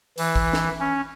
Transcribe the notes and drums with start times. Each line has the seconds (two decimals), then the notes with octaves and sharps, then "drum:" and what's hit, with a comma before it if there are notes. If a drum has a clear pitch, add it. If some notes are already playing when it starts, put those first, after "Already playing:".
0.18 E3, drum: open hi-hat
0.35 drum: kick
0.53 drum: snare
0.80 C#4